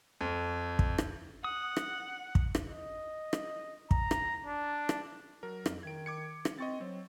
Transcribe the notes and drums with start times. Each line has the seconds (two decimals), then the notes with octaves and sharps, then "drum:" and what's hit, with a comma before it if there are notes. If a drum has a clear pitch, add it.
0.21 F2
0.79 drum: kick
0.98 drum: rim click
1.44 F#5 D#6
1.77 drum: rim click
2.35 drum: kick
2.55 drum: rim click
2.69 D#5
3.33 drum: rim click
3.91 A#5, drum: kick
4.11 drum: rim click
4.46 D4
4.89 drum: rim click
5.43 F#3 A#4
5.66 F2, drum: rim click
5.83 D#3 G#6 D7
6.06 D6 G#6 C#7
6.45 drum: rim click
6.59 C4 D#5 C#6 A6
6.81 F#3 C4